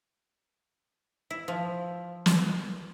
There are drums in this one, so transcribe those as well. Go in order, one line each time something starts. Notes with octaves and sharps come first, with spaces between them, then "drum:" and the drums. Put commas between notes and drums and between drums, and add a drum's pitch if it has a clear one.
E4
F3
drum: snare